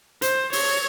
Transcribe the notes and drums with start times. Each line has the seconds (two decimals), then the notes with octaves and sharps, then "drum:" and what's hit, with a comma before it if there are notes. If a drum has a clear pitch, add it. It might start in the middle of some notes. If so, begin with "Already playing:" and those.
0.22 C5, drum: hi-hat
0.53 C#5, drum: open hi-hat